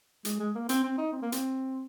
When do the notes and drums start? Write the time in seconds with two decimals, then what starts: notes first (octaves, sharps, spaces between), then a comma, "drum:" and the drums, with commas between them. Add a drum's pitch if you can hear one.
0.25 G#3, drum: hi-hat
0.39 G#3
0.55 A#3
0.69 C4, drum: hi-hat
0.83 C4
0.98 D#4
1.12 C4
1.22 A#3
1.32 C4, drum: hi-hat